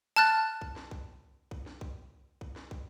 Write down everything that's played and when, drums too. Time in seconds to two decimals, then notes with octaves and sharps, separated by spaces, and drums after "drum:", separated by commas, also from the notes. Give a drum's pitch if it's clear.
0.16 A5 F6 F#6 A6
0.61 drum: kick
0.76 drum: snare
0.91 drum: kick
1.51 drum: kick
1.66 drum: snare
1.81 drum: kick
2.41 drum: kick
2.56 drum: snare
2.71 drum: kick